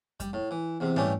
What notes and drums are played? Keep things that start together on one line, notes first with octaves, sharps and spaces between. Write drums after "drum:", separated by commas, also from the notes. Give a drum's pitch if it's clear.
G3, drum: kick F2, hi-hat
A2
E3
E2 C3
E3 G3 A3 C#4 D4 G4, drum: tom G#2